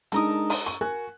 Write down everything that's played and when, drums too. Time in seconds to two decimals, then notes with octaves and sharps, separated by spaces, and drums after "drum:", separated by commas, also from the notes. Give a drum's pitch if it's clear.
0.12 G#3 D4 D#4 A4 A#4 D#6, drum: hi-hat
0.50 drum: open hi-hat
0.66 C#6, drum: hi-hat
0.81 F#4 A#4 G#5 F#6